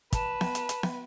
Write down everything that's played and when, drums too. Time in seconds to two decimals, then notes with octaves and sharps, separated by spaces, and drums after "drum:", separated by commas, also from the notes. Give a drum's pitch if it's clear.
0.13 B4 A5, drum: kick, hi-hat
0.41 drum: snare B3
0.55 drum: hi-hat
0.69 drum: hi-hat
0.83 drum: snare B3